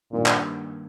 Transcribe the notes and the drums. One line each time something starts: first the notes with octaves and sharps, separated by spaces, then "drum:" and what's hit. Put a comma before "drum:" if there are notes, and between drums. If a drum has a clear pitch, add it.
G2 A#2 D#3 G3 A#3 D#4
drum: clap